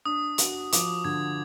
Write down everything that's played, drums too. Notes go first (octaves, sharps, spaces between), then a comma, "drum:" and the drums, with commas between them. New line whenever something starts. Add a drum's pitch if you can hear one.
D4 D#6
F#4, drum: hi-hat
F3 D6, drum: hi-hat
D3 G#6